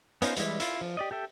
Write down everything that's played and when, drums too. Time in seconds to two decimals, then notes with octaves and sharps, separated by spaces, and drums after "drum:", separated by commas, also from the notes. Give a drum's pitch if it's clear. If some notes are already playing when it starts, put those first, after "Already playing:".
0.22 B3 C#4 D#4 F4 C5, drum: hi-hat
0.36 E3 G3 G#3 E4, drum: hi-hat
0.60 E4 F4, drum: hi-hat
0.81 F3
0.97 G4 D5 D#5
1.11 G4 A4 E5 G5